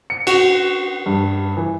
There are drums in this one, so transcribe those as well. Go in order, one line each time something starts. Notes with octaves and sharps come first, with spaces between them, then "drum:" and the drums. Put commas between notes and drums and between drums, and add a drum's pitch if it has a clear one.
C#7
F#4, drum: cymbal
G2
E3